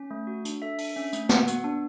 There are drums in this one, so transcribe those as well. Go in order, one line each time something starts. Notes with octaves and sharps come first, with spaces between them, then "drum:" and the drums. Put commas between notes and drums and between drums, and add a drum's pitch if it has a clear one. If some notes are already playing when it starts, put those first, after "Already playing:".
Already playing: C#4
A3
F#4
D4, drum: hi-hat
A4 E5
D4, drum: open hi-hat
C#4 E5
A3, drum: hi-hat
F#4 F#5, drum: snare
B3, drum: hi-hat
D4